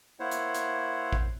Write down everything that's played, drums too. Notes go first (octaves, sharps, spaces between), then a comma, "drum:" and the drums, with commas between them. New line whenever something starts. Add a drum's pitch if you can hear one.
A#3 E4 C5 C#5 F#5
drum: hi-hat
drum: hi-hat
drum: kick A1